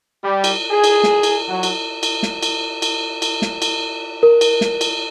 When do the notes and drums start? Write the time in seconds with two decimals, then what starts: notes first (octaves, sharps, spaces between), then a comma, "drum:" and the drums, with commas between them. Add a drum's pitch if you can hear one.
0.24 G3
0.44 drum: cymbal
0.71 G#4
0.84 drum: cymbal
1.03 drum: snare
1.23 drum: cymbal
1.49 F#3
1.63 drum: cymbal
2.03 drum: cymbal
2.23 drum: snare
2.43 drum: cymbal
2.82 drum: cymbal
3.22 drum: cymbal
3.42 drum: snare
3.62 drum: cymbal
4.23 A#4
4.41 drum: cymbal
4.61 drum: snare
4.81 drum: cymbal